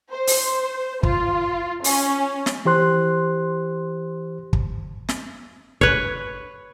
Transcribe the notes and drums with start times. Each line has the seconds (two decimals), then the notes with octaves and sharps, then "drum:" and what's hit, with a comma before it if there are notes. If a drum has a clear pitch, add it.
0.12 C5
0.27 drum: open hi-hat
1.03 F4, drum: kick
1.84 C#4, drum: open hi-hat
2.46 drum: snare
2.65 E3 G4 C5 C6 F#6
4.53 drum: kick
5.09 drum: snare
5.81 B4 C#5, drum: kick